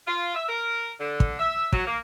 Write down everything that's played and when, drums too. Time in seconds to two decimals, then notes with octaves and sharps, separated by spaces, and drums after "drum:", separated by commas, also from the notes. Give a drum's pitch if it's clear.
0.07 F4
0.35 E5
0.48 A#4
0.99 D3
1.20 drum: kick
1.38 E5
1.73 F#3, drum: kick
1.86 A#3